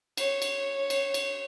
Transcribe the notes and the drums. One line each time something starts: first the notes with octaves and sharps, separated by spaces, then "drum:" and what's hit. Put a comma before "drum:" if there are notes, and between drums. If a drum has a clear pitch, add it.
C#5, drum: cymbal
drum: cymbal
drum: cymbal
drum: cymbal